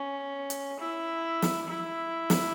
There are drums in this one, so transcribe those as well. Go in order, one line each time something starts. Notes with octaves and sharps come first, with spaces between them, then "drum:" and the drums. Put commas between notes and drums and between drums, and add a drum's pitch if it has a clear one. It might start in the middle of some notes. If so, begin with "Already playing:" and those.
Already playing: C#4
drum: hi-hat
E4
drum: snare
E4
drum: snare